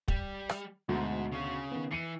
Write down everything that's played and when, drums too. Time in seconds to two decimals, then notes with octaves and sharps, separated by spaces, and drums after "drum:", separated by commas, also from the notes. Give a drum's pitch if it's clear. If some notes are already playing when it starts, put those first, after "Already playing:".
0.08 G3, drum: kick
0.49 drum: rim click
0.89 D2 G#2 B2
1.32 C#3 C#4
1.71 D#3 B3
1.91 E3 C7 C#7 D#7